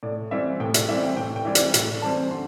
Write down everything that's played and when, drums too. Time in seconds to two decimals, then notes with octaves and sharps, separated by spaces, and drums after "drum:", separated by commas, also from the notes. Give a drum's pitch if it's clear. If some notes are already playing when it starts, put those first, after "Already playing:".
0.03 A2 D5
0.31 E3 G3 C4 E5
0.60 A2 G5
0.74 E5, drum: hi-hat
0.88 E3 G3 C4 E5
1.03 G5
1.16 A2 G5
1.36 G5
1.45 E3 G3 C4
1.55 D5, drum: hi-hat
1.74 A2, drum: hi-hat
2.02 E3 G3 C4 A5
2.31 D3 C6